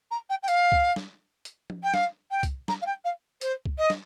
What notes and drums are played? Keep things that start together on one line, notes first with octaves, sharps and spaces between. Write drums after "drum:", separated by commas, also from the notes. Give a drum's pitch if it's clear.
A#5
G5
G5
F5, drum: hi-hat
drum: kick C2
drum: snare
drum: hi-hat
drum: tom F3
G5
F5, drum: snare
G5
drum: kick C2, hi-hat
A#5, drum: snare
F5
G5
F5
C5, drum: hi-hat
drum: kick C2
D#5
drum: snare